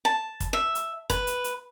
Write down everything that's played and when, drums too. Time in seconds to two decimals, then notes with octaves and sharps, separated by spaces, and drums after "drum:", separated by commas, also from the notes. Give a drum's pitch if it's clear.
0.05 A5
0.40 drum: kick, hi-hat
0.53 E5
0.75 drum: hi-hat
1.10 B4, drum: kick, hi-hat
1.27 drum: hi-hat
1.44 drum: hi-hat